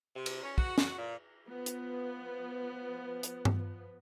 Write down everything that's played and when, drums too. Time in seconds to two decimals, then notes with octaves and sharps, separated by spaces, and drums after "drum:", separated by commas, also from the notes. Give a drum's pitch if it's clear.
0.16 C3
0.26 drum: cymbal
0.43 C#4
0.58 F#4, drum: kick
0.78 F#4, drum: snare
0.99 A#2
1.49 F3 B3
1.66 drum: hi-hat
3.23 drum: hi-hat
3.45 drum: tom G2